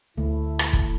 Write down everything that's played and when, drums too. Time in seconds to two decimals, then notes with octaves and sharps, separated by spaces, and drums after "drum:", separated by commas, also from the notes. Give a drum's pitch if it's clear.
0.17 D2 A3 E4
0.59 drum: rim click
0.73 drum: kick